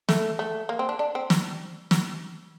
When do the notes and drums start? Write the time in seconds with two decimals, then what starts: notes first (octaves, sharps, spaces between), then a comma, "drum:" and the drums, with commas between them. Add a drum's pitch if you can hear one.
0.09 A3, drum: snare
0.39 A3
0.69 A#3
0.79 C4
0.89 D4
0.99 D4
1.15 C4
1.30 drum: snare
1.91 drum: snare